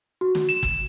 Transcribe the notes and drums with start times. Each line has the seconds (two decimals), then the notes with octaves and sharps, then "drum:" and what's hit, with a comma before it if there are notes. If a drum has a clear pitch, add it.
0.21 F#4
0.35 drum: snare
0.49 E7
0.63 drum: kick